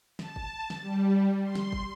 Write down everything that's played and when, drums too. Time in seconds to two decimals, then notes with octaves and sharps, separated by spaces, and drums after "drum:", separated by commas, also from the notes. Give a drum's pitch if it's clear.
0.19 A5, drum: snare
0.36 drum: kick
0.70 drum: snare
0.81 G3
1.43 C6
1.55 drum: snare
1.73 drum: kick